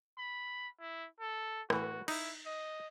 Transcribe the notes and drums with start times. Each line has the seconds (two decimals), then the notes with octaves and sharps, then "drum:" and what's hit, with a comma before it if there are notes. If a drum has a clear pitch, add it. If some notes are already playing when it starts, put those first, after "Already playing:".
0.18 B5
0.80 E4
1.20 A4
1.70 A2 E3 F#4, drum: rim click
2.08 D#4 E4, drum: cymbal
2.46 D#5